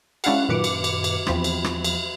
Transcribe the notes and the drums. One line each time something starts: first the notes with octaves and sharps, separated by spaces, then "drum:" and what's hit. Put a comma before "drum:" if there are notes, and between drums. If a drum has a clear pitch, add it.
G#3 C#4 D4 E4 F5 F#5, drum: cymbal
F#2 A#2 D#3 B4 D6 C#7
drum: cymbal
drum: cymbal
drum: cymbal
E2 F3 C4 B5, drum: rim click
drum: cymbal
drum: rim click
drum: cymbal